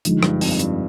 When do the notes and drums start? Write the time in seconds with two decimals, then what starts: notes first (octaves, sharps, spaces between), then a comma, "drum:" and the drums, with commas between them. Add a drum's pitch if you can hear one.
0.05 D3 F3 G#3 D#4, drum: hi-hat
0.23 G2, drum: rim click
0.41 F2, drum: open hi-hat
0.51 F2
0.59 G2, drum: hi-hat